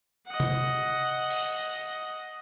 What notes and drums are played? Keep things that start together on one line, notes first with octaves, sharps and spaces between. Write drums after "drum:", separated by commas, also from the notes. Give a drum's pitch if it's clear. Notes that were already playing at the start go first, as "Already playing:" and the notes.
D#5 F#5
drum: tom C3
drum: cymbal